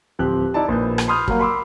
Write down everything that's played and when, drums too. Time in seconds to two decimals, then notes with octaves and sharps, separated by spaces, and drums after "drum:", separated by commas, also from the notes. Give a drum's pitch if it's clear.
0.19 D1 F3 C4 G4 F#6
0.54 D#4 E4 D5 A5
0.68 A#1 B4 G6
0.98 drum: rim click
1.07 B5 C6 D#6 F6 G6
1.28 F#3 G3 A#3 F#4 A#4 F5, drum: kick
1.39 B5 C6 D6 E6